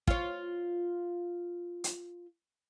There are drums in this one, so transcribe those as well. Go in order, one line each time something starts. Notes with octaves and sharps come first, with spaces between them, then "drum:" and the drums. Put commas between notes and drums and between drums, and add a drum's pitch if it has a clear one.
F4 C#5, drum: kick
drum: hi-hat